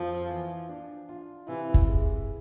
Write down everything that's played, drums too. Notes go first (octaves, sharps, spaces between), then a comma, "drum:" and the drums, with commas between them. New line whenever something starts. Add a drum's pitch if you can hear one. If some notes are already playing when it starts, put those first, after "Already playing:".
Already playing: F2 F3
E3
D4
F4
C3 E3
drum: kick
G#3